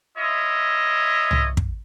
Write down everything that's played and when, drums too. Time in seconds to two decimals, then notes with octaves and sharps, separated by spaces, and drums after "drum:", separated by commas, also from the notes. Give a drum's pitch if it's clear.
0.17 E4 F4 C#5 D#5 E5
1.31 drum: tom
1.57 drum: kick